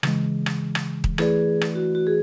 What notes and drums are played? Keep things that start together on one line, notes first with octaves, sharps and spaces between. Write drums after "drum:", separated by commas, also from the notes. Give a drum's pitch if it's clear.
C#3 E3 G#3, drum: rim click
drum: rim click
drum: rim click
drum: kick D#1
E3 A3 E4 G#4 B4 D5, drum: rim click
drum: rim click
F#4
F#4
G#4